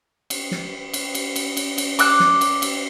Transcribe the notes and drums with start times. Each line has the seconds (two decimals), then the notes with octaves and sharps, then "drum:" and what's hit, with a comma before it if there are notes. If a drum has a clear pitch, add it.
0.30 drum: cymbal
0.51 drum: snare
0.94 drum: cymbal
1.15 drum: cymbal
1.36 drum: cymbal
1.57 drum: cymbal
1.78 drum: cymbal
1.99 D6 E6 F#6, drum: cymbal
2.20 drum: snare
2.41 drum: cymbal
2.62 drum: cymbal